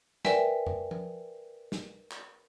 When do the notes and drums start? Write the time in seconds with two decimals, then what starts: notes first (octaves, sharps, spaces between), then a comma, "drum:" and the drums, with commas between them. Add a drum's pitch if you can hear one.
0.25 A#4 B4 D5 E5 G5 G#5, drum: snare
0.66 drum: tom F2
0.91 drum: tom F3
1.72 drum: snare
2.11 drum: clap